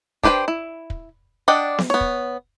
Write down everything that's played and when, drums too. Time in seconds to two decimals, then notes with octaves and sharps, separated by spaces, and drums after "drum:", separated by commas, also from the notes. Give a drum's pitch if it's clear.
0.23 D4 G4 B4 C5 G5, drum: kick
0.48 E4
0.90 drum: kick
1.48 D4 D5 D#5 F#5 G5
1.78 drum: snare B3
1.90 B3 C#5
2.01 drum: kick